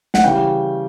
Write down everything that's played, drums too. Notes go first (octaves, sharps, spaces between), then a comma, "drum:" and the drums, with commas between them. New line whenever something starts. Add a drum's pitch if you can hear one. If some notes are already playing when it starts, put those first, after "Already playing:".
F#5, drum: snare
C#3 E3 G3 G5